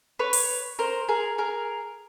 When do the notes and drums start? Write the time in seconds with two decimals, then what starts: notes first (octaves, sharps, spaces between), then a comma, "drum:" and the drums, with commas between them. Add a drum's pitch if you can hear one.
0.19 B4 C#5
0.33 drum: open hi-hat
0.79 A#4 C5
1.09 G#4 A#4
1.38 G#4 A#4